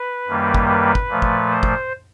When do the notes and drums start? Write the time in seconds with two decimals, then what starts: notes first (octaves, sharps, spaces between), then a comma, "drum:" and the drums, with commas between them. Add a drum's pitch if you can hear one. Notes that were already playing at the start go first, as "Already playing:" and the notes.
Already playing: B4
0.27 F#2 D#3 G3 A#3
0.54 drum: kick
0.68 B4
0.95 drum: kick
1.09 A#2 F3 A3
1.22 drum: kick
1.50 C5
1.63 drum: kick